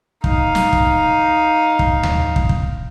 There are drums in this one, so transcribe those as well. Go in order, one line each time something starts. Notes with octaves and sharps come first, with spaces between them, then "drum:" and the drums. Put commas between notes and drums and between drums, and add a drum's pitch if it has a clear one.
D#4 F5, drum: kick
drum: snare
drum: kick
drum: kick
drum: tom D2
drum: kick
drum: kick